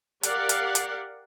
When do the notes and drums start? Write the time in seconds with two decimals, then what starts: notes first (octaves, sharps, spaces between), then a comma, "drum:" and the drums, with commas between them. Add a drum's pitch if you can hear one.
0.23 G4 A#4 D5 F5 F#5, drum: hi-hat
0.49 drum: hi-hat
0.75 drum: hi-hat